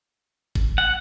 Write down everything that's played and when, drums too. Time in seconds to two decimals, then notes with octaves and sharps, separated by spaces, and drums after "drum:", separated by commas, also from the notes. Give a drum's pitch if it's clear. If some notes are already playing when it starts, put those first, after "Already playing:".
0.55 A1, drum: kick G1
0.78 F#5